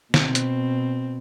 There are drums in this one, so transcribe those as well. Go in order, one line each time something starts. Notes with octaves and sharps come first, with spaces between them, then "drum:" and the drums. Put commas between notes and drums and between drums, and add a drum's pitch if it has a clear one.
B2 C4, drum: snare
drum: hi-hat